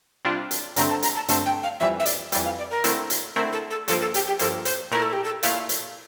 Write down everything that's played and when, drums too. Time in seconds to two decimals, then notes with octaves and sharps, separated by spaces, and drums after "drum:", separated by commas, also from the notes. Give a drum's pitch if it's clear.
0.25 C3 G3 D4 F4
0.51 drum: hi-hat
0.76 G2 D3 A3 C4 A#5, drum: hi-hat
0.90 A5
1.02 A#5, drum: hi-hat
1.16 A5
1.28 G2 D3 A3 C4 A5, drum: hi-hat
1.46 G5
1.63 F5
1.80 F2 E3 G3 E5
2.00 E5
2.06 D5, drum: hi-hat
2.32 F2 E3 G3 D5, drum: hi-hat
2.44 F5
2.58 D5
2.71 A#4
2.84 D3 A3 C4 E4, drum: hi-hat
3.10 drum: hi-hat
3.36 D3 A3 C4 E4 A#4
3.53 A4
3.70 A4
3.88 G2 F3 A#3 A4, drum: hi-hat
4.01 A4
4.14 G4, drum: hi-hat
4.27 G4
4.39 G2 F3 A#3 A4, drum: hi-hat
4.65 C5, drum: hi-hat
4.91 A#2 A3 E4 A#4
5.02 A4
5.13 G4
5.24 A4
5.43 A#2 A3 E4 F5, drum: hi-hat
5.69 drum: hi-hat